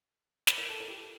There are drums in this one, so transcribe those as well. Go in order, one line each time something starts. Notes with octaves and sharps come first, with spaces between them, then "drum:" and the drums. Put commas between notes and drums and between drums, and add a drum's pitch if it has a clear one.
B4, drum: snare
A#4
A4
A#4
G4
A4